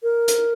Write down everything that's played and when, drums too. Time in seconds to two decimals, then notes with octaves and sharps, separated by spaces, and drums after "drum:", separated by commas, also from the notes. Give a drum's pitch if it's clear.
0.03 A#4
0.28 drum: hi-hat